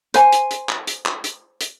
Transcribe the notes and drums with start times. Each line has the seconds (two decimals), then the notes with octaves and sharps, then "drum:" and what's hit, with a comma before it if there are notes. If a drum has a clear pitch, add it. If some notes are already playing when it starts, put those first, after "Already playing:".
0.14 C5 G#5, drum: hi-hat
0.32 drum: hi-hat
0.51 drum: hi-hat
0.69 drum: clap
0.87 drum: hi-hat
1.06 drum: clap
1.24 drum: hi-hat
1.61 drum: hi-hat